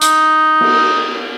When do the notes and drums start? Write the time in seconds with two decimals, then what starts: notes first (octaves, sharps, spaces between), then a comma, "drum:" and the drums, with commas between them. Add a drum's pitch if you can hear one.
0.01 D#4, drum: hi-hat
0.60 drum: cymbal